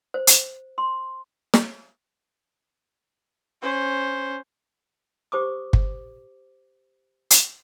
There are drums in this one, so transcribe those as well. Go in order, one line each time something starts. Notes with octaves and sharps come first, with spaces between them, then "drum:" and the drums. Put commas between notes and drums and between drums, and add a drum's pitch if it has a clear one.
C5
drum: hi-hat
C6
drum: snare
C#4 C5
G4 C5 D6 D#6
drum: kick G1
drum: hi-hat